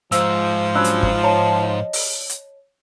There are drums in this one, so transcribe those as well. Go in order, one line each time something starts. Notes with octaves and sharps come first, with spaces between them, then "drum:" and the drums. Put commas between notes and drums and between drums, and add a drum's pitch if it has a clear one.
G#2 F3 E6, drum: hi-hat
F#3 C#4 D4 B5 E6 F#6
drum: hi-hat
drum: kick G1
C#5 D#5 A5
drum: open hi-hat
drum: hi-hat